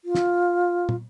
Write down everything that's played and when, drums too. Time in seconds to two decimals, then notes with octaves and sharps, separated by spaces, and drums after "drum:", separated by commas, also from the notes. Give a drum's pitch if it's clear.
0.05 F4
0.15 drum: snare
0.89 drum: tom